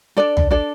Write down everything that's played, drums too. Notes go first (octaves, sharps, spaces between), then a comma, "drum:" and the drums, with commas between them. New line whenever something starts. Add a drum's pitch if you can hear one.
D4 A4 D5
drum: tom
D4 A4 D5